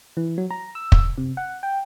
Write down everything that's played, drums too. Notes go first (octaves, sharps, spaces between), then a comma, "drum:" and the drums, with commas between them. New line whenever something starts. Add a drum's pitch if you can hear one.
E3
F#3
A#5
E6
drum: kick
C3
F#5
G5